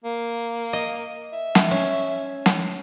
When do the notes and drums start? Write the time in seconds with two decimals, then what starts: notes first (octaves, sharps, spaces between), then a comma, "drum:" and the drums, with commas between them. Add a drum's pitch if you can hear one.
0.04 A#3
0.73 D#5
1.33 E5
1.55 drum: snare
1.71 C#4
2.46 drum: snare